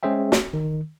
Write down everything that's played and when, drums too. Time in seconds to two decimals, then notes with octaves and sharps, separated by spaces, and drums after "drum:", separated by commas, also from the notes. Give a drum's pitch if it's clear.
0.03 G#3 C#4 G#4 C5 E5 G5
0.32 drum: snare
0.53 D#3